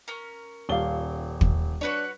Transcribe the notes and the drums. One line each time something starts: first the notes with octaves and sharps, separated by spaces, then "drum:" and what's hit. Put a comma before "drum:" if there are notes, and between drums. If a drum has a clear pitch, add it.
C#4 A#4
D#1 D5 F5 G7
drum: kick
D4 F#4 B4 C#5